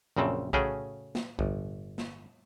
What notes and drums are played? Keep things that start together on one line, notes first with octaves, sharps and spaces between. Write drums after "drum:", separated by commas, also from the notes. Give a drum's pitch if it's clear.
A#1 F#2 C#3 C4 A4 A5
C#3 A3 C#4 F#4 G#4 G5, drum: kick B1
drum: snare
G1, drum: kick B1
drum: snare